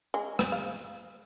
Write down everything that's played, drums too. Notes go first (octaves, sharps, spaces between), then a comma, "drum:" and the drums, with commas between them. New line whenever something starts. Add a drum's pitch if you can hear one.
G#3
drum: rim click
F5